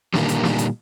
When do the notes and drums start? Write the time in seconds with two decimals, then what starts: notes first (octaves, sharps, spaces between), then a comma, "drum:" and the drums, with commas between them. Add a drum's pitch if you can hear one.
0.14 A#2 D3 D#3 G3, drum: snare
0.29 drum: hi-hat
0.43 drum: snare
0.58 drum: hi-hat